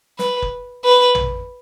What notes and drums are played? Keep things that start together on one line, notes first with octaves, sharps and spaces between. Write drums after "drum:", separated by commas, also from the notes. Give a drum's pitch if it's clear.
B4, drum: snare
drum: kick F#1
B4
drum: tom